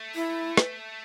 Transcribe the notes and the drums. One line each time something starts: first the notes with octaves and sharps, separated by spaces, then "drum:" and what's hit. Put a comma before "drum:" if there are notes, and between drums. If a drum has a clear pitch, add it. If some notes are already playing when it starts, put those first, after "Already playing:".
Already playing: A3
E4
drum: rim click